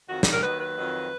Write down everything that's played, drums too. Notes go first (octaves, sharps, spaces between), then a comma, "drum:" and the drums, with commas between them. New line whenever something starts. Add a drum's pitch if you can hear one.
F2 D#3 F#3 F#4
drum: snare
A#4
D#2 D#3 F#3 B4
B4
F2 D#3 F#3